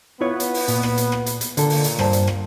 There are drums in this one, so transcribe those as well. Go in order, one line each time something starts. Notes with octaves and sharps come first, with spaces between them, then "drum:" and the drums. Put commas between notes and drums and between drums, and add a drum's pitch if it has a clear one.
B3 E4 F4 C#5
drum: hi-hat
drum: open hi-hat
A#2, drum: hi-hat
drum: rim click
drum: hi-hat
drum: rim click
drum: hi-hat
drum: hi-hat
A#2 D3 A4, drum: hi-hat
drum: open hi-hat
drum: hi-hat
G2 C5 A5, drum: rim click
drum: hi-hat
drum: rim click